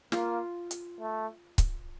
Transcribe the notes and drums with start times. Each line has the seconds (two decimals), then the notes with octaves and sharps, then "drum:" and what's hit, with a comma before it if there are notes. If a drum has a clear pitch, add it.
0.12 A#3 F4, drum: snare
0.71 drum: hi-hat
1.00 A3
1.58 drum: kick C#1, hi-hat